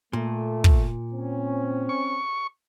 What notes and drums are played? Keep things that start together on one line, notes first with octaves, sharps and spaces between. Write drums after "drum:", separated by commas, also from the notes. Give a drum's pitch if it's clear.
A#2 A3
drum: kick
C4 C#4
C#6